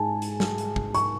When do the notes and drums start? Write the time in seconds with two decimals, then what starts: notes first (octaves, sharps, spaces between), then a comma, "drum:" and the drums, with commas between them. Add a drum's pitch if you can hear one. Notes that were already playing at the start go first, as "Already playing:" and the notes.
Already playing: G#2 G#5 A5
0.22 drum: hi-hat
0.40 drum: snare
0.58 drum: hi-hat
0.76 drum: kick
0.94 C#6, drum: hi-hat